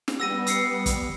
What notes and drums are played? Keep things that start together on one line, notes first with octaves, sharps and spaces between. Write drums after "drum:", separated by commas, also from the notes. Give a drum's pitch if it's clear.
drum: snare
G3 B3 E6 A#6 D#7
E6 C7 C#7, drum: hi-hat
drum: kick, hi-hat